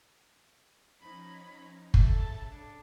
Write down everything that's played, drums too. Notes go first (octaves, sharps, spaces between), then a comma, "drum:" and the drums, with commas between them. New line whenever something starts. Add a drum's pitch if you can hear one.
F3 C#4 D#4 B5
C#3 A4 E5 A5, drum: kick
D4